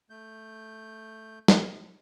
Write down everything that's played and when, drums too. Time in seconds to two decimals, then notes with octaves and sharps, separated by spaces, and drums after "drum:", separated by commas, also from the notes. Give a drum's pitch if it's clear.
0.10 A3 G6
1.48 drum: snare